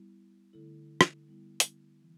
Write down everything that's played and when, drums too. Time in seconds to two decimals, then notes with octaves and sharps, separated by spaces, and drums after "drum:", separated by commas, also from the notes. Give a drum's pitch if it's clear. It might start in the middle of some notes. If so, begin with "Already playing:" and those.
Already playing: G3 B3 E4
0.53 D3 A3 E4 A4
1.01 drum: rim click
1.28 G3 B3 E4
1.60 drum: hi-hat
2.02 E3